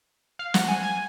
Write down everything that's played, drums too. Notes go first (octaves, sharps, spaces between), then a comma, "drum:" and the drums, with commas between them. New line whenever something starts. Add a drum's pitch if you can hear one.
F5
F#5, drum: snare
G#5
G#5